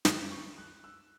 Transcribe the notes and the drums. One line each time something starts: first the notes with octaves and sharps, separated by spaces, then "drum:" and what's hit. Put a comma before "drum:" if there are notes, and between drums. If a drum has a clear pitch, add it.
F#2 D3 G3 D6, drum: snare
C#6
F#6
E6